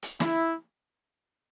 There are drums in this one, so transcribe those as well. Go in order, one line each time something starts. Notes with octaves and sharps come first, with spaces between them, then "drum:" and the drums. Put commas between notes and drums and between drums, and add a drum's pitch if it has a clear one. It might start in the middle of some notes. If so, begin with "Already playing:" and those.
drum: hi-hat
E4, drum: snare